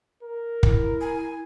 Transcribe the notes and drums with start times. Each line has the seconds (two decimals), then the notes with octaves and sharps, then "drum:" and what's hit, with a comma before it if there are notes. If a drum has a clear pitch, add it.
0.23 A#4
0.63 E4, drum: kick
1.01 G#5